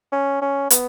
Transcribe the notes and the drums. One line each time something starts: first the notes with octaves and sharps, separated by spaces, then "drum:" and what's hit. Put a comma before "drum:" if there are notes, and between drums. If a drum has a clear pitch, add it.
C#4
C#4
B3, drum: hi-hat